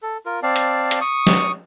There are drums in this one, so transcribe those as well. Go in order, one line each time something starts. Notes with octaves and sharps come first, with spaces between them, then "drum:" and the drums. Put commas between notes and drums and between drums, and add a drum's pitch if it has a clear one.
A4
F4 A#4
C4 D5 F5 A5
drum: hi-hat
drum: hi-hat
C#6 D#6
drum: snare